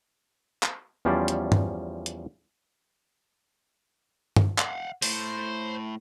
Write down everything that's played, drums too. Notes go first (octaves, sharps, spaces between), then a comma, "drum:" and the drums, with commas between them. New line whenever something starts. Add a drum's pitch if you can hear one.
drum: clap
E2 F3 G3 C#4 C5 D5
drum: hi-hat
drum: tom G2
drum: hi-hat
drum: tom G2
F5 F#5, drum: clap
A2 C5, drum: open hi-hat